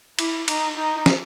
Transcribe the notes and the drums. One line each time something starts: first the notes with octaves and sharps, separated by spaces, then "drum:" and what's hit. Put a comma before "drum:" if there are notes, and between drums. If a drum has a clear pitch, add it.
E4, drum: cymbal
D#4, drum: cymbal
D#4
drum: snare